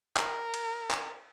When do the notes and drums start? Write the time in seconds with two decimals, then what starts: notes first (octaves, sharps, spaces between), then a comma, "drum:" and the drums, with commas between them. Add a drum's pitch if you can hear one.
0.17 A#4, drum: clap
0.54 drum: cymbal
0.91 drum: clap